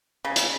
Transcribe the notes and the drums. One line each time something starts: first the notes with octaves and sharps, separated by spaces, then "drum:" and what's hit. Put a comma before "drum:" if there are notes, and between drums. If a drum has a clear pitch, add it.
C#3
drum: hi-hat